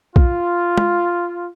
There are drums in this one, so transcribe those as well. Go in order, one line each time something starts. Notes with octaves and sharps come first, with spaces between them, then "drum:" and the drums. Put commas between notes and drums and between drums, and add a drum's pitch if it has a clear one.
F4, drum: kick B1
drum: tom